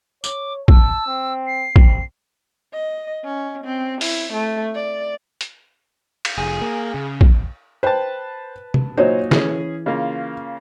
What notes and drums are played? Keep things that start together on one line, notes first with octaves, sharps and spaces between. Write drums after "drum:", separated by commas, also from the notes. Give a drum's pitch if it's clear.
C#5 D6, drum: tambourine
A5 E6, drum: kick
C4
C7
C4, drum: kick
D#5
C#4
C4
E4, drum: open hi-hat
A3
D5
drum: hi-hat
drum: cymbal
F1 G#4
A#3
C#3
drum: kick
B4 C5 G5 A5
drum: tom
A#2 F#3 D#4 C5 C#5
E3 C#4 G#4, drum: snare
C#3 A#3 F4